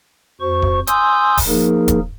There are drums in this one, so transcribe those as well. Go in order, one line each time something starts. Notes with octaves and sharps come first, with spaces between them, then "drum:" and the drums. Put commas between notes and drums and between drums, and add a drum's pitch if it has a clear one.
F2 F#4 C5 C#6
drum: kick D#1
G#5 C6 D#6 E6 G6, drum: hi-hat
drum: kick D#1, open hi-hat
F3 A#3 D#4 G#4 A#4
drum: kick D#1, hi-hat